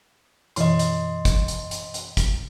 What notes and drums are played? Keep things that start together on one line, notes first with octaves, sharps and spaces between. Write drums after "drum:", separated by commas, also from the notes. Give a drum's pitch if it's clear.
F#2 B2 E3 D#5 C6, drum: hi-hat
drum: hi-hat
drum: kick, hi-hat
drum: hi-hat
drum: hi-hat
drum: hi-hat
drum: kick, hi-hat